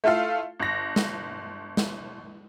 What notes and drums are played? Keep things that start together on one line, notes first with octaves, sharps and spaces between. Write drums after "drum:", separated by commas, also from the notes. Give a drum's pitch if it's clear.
A3 E4 F4 A4 F5
G1 A#6
drum: snare
drum: snare